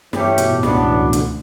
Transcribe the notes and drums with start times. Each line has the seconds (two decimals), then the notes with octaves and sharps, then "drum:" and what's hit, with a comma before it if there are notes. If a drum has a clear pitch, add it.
0.13 G2 E3 G3 A3 C#4 G4, drum: snare
0.38 B2, drum: hi-hat
0.51 A2
0.63 C#2 C#3 F#3 B3 D4 F#4, drum: snare
0.85 E3
0.96 D2 D3
1.13 D2 D3, drum: hi-hat